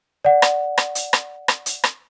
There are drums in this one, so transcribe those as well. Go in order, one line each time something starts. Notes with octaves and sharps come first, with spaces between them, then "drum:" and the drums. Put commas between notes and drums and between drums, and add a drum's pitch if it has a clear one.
D5 F#5
drum: rim click
drum: rim click
drum: hi-hat
drum: rim click
drum: rim click
drum: hi-hat
drum: rim click